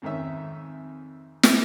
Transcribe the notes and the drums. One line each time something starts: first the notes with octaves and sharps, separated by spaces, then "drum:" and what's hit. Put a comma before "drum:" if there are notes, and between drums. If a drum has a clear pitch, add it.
F2 G#2 D#3 C#4 E5
drum: snare